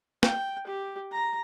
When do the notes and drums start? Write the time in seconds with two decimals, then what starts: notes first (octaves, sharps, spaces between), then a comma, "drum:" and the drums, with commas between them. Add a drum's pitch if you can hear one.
0.23 G5, drum: snare
0.67 G4
1.12 A#5